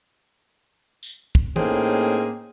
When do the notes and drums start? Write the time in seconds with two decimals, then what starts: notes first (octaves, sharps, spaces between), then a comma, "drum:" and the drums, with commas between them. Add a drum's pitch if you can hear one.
1.03 drum: tambourine
1.35 drum: kick
1.56 A2 A#3 C4 C#4 D#4 G#4, drum: tom E3